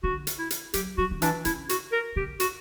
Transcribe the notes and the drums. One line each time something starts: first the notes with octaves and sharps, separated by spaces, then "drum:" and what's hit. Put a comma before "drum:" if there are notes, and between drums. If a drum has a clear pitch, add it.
D3 F#4
drum: hi-hat
E4
drum: hi-hat
F#3 G4, drum: hi-hat
F#3 F#4
D3
E3 D4, drum: hi-hat
C#3 E4, drum: hi-hat
F#4, drum: hi-hat
A#4
C#3 G4
F#4, drum: hi-hat